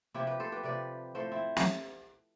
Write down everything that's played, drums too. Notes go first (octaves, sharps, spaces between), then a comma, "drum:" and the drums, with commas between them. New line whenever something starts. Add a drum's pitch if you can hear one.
C3 F3 E4 G4
G4 B4
A4 C5
G4 B4
C3 F3 B4 D5
A2 F3 A4 C5
C4 E4
drum: snare